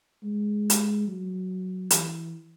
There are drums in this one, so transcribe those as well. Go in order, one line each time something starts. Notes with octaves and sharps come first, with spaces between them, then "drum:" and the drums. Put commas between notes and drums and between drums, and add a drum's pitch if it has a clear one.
G#3
drum: hi-hat
F#3
E3, drum: hi-hat